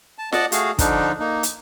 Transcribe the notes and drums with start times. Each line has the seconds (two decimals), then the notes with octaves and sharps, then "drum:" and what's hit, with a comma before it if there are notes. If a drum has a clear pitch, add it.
0.18 A5
0.32 D5 D#5 F#5 A5 D6, drum: snare F4
0.52 A3 F#4 G#4 F5, drum: hi-hat
0.79 D3 F3 D4 D#4, drum: kick, hi-hat
1.19 A#3 D#4
1.43 drum: hi-hat